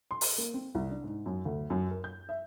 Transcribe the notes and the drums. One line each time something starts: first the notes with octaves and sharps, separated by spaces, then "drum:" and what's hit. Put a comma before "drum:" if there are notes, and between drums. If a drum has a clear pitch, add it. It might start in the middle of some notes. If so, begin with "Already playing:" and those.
C6
drum: open hi-hat
A#3
C4
C2
D4
G#2
F#2
D2
F#2
A#4
G6
E5